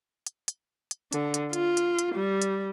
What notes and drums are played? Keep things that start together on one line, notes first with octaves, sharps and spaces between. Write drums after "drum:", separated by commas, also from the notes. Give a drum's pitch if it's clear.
drum: hi-hat
drum: hi-hat
drum: hi-hat
D3, drum: hi-hat
drum: hi-hat
F4, drum: hi-hat
drum: hi-hat
drum: hi-hat
G3
drum: hi-hat